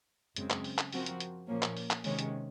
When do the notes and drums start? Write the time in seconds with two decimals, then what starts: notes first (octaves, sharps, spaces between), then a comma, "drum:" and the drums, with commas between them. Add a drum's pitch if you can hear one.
0.36 F#2 C#3 G#3 C4, drum: hi-hat
0.50 drum: clap
0.64 drum: open hi-hat
0.78 drum: clap
0.93 F3 C4 F#4 A#4, drum: open hi-hat
1.06 drum: hi-hat
1.20 drum: hi-hat
1.48 A#2 F3 A#3 C#4
1.63 drum: clap
1.77 drum: open hi-hat
1.91 drum: clap
2.04 C3 D#3 G#3 C#4, drum: open hi-hat
2.19 drum: hi-hat